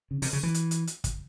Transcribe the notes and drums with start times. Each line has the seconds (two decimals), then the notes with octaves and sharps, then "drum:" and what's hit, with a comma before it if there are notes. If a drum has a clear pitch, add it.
0.11 C#3
0.22 C3, drum: open hi-hat
0.33 C#3
0.43 E3
0.54 drum: hi-hat
0.71 drum: hi-hat
0.87 drum: hi-hat
1.04 drum: kick, hi-hat